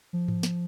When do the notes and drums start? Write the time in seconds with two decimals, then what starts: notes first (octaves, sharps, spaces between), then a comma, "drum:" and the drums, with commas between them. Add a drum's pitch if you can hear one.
0.13 F3
0.28 drum: tom G#2
0.43 drum: snare